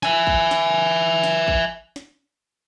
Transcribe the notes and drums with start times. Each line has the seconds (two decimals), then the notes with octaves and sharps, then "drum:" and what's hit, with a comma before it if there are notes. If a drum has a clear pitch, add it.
0.03 E5 G#5, drum: snare
0.27 drum: kick
0.51 drum: snare
1.24 drum: snare
1.48 drum: kick
1.96 drum: snare